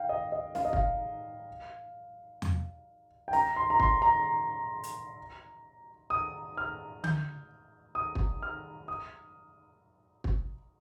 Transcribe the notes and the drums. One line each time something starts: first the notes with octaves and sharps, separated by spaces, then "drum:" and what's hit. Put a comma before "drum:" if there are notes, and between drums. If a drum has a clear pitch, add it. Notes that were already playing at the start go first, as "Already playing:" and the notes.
Already playing: F5 G5
D#5
D#5
F5, drum: snare
D#5
F5, drum: kick
drum: tom E2
G5
A#5, drum: snare
C6
A#5
C6, drum: kick
A#5
drum: hi-hat
D#6
F6
G6, drum: tom D3
D#6
drum: kick
F6
D#6
drum: kick